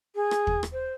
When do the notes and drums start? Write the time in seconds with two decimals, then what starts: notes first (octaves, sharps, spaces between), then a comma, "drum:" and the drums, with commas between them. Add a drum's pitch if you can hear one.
0.15 G#4
0.31 drum: rim click
0.47 drum: kick
0.63 drum: rim click
0.73 C5